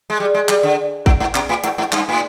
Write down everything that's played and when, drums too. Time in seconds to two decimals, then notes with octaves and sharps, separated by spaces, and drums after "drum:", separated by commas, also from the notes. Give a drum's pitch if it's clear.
0.10 G#3
0.20 G3
0.34 G#3
0.49 G3, drum: clap
0.63 D3
1.06 G#2, drum: kick
1.20 G#2
1.35 B2, drum: clap
1.49 A2
1.64 G#2, drum: hi-hat
1.78 G#2
1.92 G2, drum: clap
2.09 A2